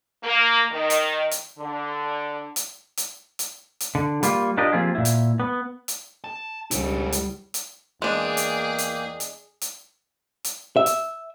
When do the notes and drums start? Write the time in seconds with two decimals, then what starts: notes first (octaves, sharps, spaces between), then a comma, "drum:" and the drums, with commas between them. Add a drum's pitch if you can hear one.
0.23 A#3
0.72 D#3
0.90 drum: hi-hat
1.31 drum: hi-hat
1.58 D3
2.56 drum: hi-hat
2.97 drum: hi-hat
3.39 drum: hi-hat
3.80 drum: hi-hat
3.95 D3
4.23 G3 A#3 F4, drum: hi-hat
4.57 D4 F4 G4 A#4 D#5
4.72 F3 A#3 C4 F4 G4 G#4
4.95 A#2 E4
5.05 drum: hi-hat
5.40 B3
5.88 drum: hi-hat
6.24 A5
6.71 C#2 G3 G#3 E4, drum: hi-hat
7.12 drum: hi-hat
7.54 drum: hi-hat
8.02 E2 G#3 A#3 D4 G#4 G5 D6
8.37 drum: hi-hat
8.78 drum: hi-hat
9.20 drum: hi-hat
9.61 drum: hi-hat
10.44 drum: hi-hat
10.77 E5
10.86 drum: hi-hat